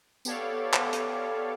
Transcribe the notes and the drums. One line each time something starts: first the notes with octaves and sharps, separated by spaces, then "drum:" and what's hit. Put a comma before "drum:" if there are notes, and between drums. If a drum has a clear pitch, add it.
B3 G4 A4 C#5 D5 F5, drum: tambourine
drum: clap
drum: hi-hat